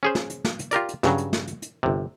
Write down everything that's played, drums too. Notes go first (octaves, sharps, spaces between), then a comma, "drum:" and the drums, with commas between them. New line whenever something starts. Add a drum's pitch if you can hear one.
C#4 G#4 C5
drum: snare
drum: hi-hat
drum: snare
drum: hi-hat
F4 G4 A#4 D5, drum: hi-hat
drum: hi-hat
G2 C#3 F#3, drum: snare
drum: hi-hat
drum: snare
drum: hi-hat
drum: hi-hat
G1 C3